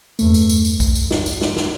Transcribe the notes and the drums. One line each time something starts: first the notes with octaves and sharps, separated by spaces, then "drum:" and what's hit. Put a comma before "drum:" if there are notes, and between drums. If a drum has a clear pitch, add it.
E2 G2 A3, drum: tambourine
drum: tambourine
drum: tambourine
drum: tambourine
drum: kick, tambourine
drum: tambourine
drum: snare
drum: tambourine
drum: snare
drum: snare